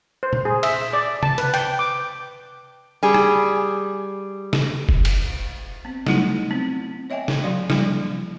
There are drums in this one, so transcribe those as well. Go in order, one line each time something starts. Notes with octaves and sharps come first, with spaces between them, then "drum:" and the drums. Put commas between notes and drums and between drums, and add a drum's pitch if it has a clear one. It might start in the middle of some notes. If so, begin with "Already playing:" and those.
C5
drum: tom A#2
G#4
E5, drum: cymbal
D5
A5, drum: tom C3
B4, drum: hi-hat
G5, drum: hi-hat
D6
G3 G#4
drum: rim click
drum: snare
drum: kick F1
drum: cymbal
B3 C4
F#3 G3 A3 D#4 E4 F#4, drum: snare
B3 C4
C#5 D#5 E5 G5 G#5
drum: snare
F#3 F#4 D5 F5 C6
F3 G3 A#3 D4 E4, drum: snare